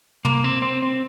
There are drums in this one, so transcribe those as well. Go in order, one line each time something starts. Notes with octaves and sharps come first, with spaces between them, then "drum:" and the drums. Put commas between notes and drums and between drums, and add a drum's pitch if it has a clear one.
A#3, drum: tom
C4
C4
C4